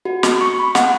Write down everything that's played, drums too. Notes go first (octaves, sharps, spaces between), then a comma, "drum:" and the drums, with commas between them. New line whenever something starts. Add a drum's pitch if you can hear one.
F#4
drum: snare
C#6
B5
F#5, drum: snare